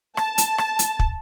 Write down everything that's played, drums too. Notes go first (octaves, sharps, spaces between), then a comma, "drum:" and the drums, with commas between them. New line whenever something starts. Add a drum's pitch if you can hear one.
A5, drum: rim click
drum: hi-hat
drum: rim click
drum: hi-hat
drum: kick